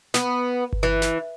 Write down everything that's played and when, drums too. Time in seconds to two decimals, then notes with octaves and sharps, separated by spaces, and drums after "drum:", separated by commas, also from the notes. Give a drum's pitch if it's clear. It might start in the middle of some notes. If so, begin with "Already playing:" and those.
0.14 B3, drum: snare
0.73 drum: kick G1
0.83 E3
1.02 drum: snare